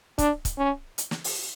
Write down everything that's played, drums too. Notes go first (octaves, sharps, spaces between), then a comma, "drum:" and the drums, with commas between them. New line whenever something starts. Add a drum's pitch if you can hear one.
D4, drum: kick, hi-hat
drum: kick, hi-hat
C#4
drum: hi-hat
drum: snare
drum: open hi-hat